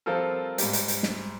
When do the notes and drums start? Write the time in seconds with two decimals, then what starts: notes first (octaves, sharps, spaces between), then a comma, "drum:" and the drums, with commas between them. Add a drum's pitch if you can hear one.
0.06 F3 G3 C4 F4 A4 A#4
0.58 G#2 G3, drum: hi-hat
0.73 drum: hi-hat
0.88 drum: hi-hat
1.03 drum: snare